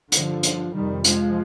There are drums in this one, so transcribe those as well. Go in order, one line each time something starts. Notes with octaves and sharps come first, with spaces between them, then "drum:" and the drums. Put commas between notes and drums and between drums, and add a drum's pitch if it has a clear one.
G2 D3 F3, drum: hi-hat
drum: hi-hat
F2 C3 D#3 G3
F3 G#3, drum: hi-hat